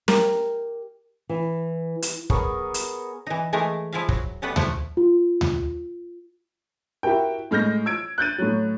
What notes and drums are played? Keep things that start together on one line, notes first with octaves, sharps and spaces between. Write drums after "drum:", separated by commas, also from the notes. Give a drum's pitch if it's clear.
G4 A#4, drum: snare
E3
drum: hi-hat
B3 G#4 A#4 C#5, drum: kick
drum: hi-hat
E3 D#4
E3 G#3 A3 D#4 A#4
F3 E4 F4 G#4 E5 F5
F#3, drum: kick
G3 A3 B3 A4 B4 F#5
F3 A3 E4 F#5, drum: tom D2
F4
drum: tom D2
E4 F#4 G4 A#4 G5
A2 G#3 F6 G6 A#6
E6 G#6 D7
F#6 G6 A6 D#7
A2 F#3